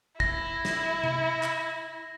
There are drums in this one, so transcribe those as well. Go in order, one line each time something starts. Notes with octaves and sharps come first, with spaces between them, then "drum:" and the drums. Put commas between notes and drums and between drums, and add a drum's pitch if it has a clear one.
E4 A#6, drum: kick
drum: snare
drum: tom C3
drum: clap